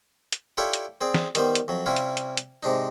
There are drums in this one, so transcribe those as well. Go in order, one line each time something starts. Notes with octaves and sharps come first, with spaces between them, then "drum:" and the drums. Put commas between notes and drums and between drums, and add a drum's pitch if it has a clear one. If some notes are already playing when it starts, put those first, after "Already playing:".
drum: hi-hat
E4 F4 G4 A4 C#5 D5
drum: hi-hat
C4 G#4 D5
drum: snare
D#3 G3 B3 C5, drum: hi-hat
drum: hi-hat
F2 F#3
C3 G3 C#4 E4 F4
drum: hi-hat
drum: hi-hat
drum: hi-hat
G#2 C3 D4 D#4